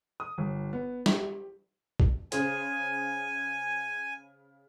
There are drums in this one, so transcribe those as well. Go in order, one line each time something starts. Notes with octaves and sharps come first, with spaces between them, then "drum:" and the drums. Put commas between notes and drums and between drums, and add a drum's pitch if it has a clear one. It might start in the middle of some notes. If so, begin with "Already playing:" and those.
D#6
G1
B3
G4, drum: snare
drum: kick B1
C#3 G#4 C5 G#5, drum: hi-hat